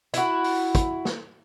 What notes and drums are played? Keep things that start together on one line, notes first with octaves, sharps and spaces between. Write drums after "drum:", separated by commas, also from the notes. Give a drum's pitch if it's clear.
E4 F#4, drum: hi-hat
drum: open hi-hat
drum: kick, hi-hat
drum: snare